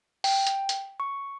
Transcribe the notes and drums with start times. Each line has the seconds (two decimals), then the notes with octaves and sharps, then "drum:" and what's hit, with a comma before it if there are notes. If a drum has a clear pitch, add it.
0.24 G5, drum: open hi-hat
0.47 drum: hi-hat
0.69 drum: hi-hat
1.00 C#6